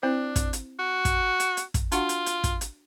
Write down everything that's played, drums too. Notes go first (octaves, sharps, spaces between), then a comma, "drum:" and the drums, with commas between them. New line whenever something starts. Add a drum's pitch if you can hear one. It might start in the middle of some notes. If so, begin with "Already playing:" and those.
C4 D4 E4 C5
drum: kick, hi-hat
drum: hi-hat
F#4
drum: kick, hi-hat
drum: hi-hat
drum: hi-hat
drum: kick, hi-hat
D4 F4 F#4 F#5, drum: hi-hat
drum: hi-hat
drum: hi-hat
drum: kick, hi-hat
drum: hi-hat